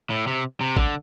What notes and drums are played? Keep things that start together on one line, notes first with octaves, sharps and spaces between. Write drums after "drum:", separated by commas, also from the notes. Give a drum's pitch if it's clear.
A2
C3
C3
D3, drum: kick A1